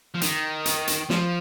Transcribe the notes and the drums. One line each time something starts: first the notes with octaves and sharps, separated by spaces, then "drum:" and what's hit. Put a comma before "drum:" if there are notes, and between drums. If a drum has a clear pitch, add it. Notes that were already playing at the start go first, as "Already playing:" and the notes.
F3
D#3, drum: hi-hat
drum: hi-hat
drum: hi-hat
F3, drum: snare